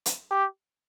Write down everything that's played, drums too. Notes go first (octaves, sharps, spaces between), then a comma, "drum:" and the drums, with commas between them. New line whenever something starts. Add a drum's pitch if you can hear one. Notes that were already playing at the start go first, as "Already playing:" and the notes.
drum: hi-hat
G4